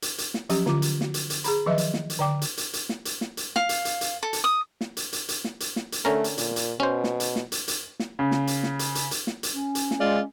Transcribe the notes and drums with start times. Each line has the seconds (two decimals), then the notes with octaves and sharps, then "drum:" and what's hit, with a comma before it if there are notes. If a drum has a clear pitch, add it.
0.02 drum: hi-hat
0.18 drum: hi-hat
0.34 drum: snare
0.49 F3 F#3 C#4 G4, drum: hi-hat
0.66 D3 F4 D6, drum: snare
0.82 drum: hi-hat
1.01 F#4, drum: snare
1.14 drum: hi-hat
1.30 drum: hi-hat
1.44 G#4 A#5 B5, drum: hi-hat
1.66 D#3 F3 F#3 B4 D#5 E5
1.78 drum: hi-hat
1.94 drum: snare
2.10 drum: hi-hat
2.19 D3 D5 G5 D6
2.41 drum: hi-hat
2.57 drum: hi-hat
2.73 drum: hi-hat
2.89 drum: snare
3.05 drum: hi-hat
3.21 drum: snare
3.37 drum: hi-hat
3.56 F5, drum: snare
3.69 drum: hi-hat
3.85 drum: hi-hat
4.01 drum: hi-hat
4.23 A4
4.33 drum: hi-hat
4.44 D#6
4.81 drum: snare
4.97 drum: hi-hat
5.13 drum: hi-hat
5.28 drum: hi-hat
5.44 drum: snare
5.60 drum: hi-hat
5.76 drum: snare
5.92 drum: hi-hat
6.05 D3 A3 C#4 A#4
6.24 drum: hi-hat
6.38 A#2, drum: hi-hat
6.56 drum: hi-hat
6.80 B2 C#4 C5
7.04 drum: snare
7.20 drum: hi-hat
7.36 drum: snare
7.52 drum: hi-hat
7.68 drum: hi-hat
8.00 drum: snare
8.19 C#3
8.31 drum: snare
8.47 drum: hi-hat
8.63 drum: snare
8.79 drum: hi-hat
8.95 drum: hi-hat
9.11 drum: hi-hat
9.27 drum: snare
9.43 drum: hi-hat
9.53 C#4
9.75 drum: hi-hat
9.91 drum: snare
10.00 G#3 F4 D5